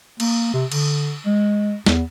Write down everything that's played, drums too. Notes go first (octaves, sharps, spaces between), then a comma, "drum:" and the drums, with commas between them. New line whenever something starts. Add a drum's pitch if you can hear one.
A#3, drum: cymbal
C3
D3, drum: cymbal
G#3
E2, drum: snare